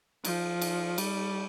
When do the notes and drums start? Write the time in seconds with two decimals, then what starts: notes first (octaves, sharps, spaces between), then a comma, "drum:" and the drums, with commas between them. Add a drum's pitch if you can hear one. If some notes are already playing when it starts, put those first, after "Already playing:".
0.25 F3, drum: cymbal
0.61 drum: cymbal
0.98 G3, drum: cymbal